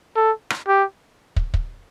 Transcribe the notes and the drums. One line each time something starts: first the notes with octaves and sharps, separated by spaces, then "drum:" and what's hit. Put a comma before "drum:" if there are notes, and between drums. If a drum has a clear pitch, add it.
A4
drum: rim click
G4
drum: kick
drum: kick